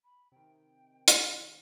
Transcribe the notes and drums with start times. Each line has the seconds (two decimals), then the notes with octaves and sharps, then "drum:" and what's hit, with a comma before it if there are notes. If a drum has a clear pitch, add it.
0.04 B5
0.32 C3 D#3 G5
1.08 drum: hi-hat